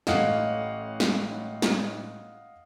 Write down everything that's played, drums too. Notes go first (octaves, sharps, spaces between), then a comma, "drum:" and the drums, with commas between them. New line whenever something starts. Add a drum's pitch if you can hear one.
A1 D#5 F5 F#5, drum: snare
drum: snare
drum: snare